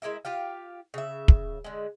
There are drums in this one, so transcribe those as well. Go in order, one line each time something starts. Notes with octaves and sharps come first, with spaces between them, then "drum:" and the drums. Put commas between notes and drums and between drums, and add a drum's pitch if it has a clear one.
G#3 E4 A#4 E5
F4 G4 F5
C#3 E5
drum: kick
D3 G#3